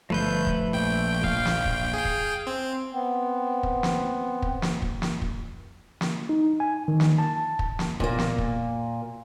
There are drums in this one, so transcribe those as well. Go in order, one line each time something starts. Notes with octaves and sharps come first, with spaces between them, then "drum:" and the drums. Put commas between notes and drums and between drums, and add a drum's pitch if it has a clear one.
G1 F3 A3 B4 G6
drum: kick
A#1 G5
F5, drum: kick
drum: snare
drum: kick
G#4 G5
drum: kick
C4
B3 C4
drum: kick
drum: snare
drum: kick
drum: snare
drum: kick
drum: snare
drum: kick
drum: snare
D#4
G#5
D#3
drum: snare
A5
drum: kick
drum: snare
A#2 A#3, drum: kick
drum: snare
drum: kick